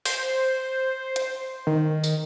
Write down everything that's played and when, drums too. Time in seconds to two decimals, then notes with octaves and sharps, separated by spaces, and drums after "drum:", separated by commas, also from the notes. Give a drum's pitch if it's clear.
0.05 C5, drum: open hi-hat
1.16 drum: hi-hat
1.67 D#3
2.04 drum: tambourine